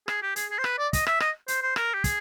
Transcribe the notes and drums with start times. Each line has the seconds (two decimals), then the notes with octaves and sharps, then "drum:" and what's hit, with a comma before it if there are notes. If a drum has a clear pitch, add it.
0.08 G#4, drum: rim click
0.23 G4
0.36 G#4, drum: hi-hat
0.51 G#4
0.58 C5
0.64 B4, drum: rim click
0.78 D5
0.93 D#5, drum: kick, hi-hat
1.07 E5, drum: rim click
1.20 D#5, drum: rim click
1.48 C5, drum: hi-hat
1.62 C5
1.76 A#4, drum: rim click
1.94 G4
2.04 G#4, drum: kick, hi-hat